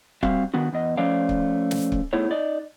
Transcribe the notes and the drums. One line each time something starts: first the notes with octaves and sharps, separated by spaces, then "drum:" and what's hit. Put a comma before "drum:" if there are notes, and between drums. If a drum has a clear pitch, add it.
G3 C4 F#4 E5 F5, drum: kick C#1
D#3 B3 D4 F#4
E2 B3 D#5
F3 A3 C#4 C#5 D5 F5
drum: kick C#1
drum: snare
drum: kick C#1
A3 B3 D#4 E4 G#4 C#5
D#4 D5 D#5